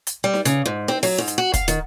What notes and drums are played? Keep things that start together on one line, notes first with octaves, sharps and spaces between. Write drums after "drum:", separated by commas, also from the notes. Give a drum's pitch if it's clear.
drum: hi-hat
G3
drum: snare D#4
C#3, drum: hi-hat
G#2
C4, drum: snare D#4
F#3, drum: open hi-hat
G#2
drum: hi-hat
F#4
F5, drum: kick, hi-hat
D#3, drum: hi-hat